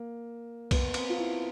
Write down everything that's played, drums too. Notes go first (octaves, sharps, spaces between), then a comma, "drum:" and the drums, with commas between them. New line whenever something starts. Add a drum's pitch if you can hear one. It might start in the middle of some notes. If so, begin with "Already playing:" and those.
Already playing: A#3
B3, drum: kick, cymbal
C4, drum: cymbal
F4
E4